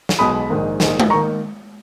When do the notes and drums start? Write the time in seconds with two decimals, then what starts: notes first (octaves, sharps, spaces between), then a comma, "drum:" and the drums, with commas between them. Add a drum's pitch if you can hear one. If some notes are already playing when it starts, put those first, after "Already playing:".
0.09 drum: snare
0.19 B1 B2 G#3 B5 D#6
0.50 A#1 G#2 D#3
0.80 A#1 G#2 D#3, drum: snare
1.00 drum: tom G#3
1.10 D#3 A#3 A#5 C#6